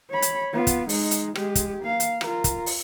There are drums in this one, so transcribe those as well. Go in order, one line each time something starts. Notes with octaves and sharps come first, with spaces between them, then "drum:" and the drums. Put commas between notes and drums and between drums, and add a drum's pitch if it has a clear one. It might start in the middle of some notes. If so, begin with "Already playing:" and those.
C#5 B5
drum: hi-hat
B3 F4
drum: kick, hi-hat
G#3 D#4, drum: open hi-hat
drum: hi-hat
G#3 G4, drum: rim click
drum: kick, hi-hat
A#3 F5
drum: hi-hat
F4 A#4, drum: rim click
drum: kick, hi-hat
drum: open hi-hat